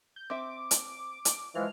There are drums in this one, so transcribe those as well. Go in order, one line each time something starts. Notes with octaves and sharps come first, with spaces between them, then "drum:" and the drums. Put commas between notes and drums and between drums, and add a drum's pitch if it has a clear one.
G6
C4 E5 D6
drum: hi-hat
drum: hi-hat
E3 F3 G#3 F6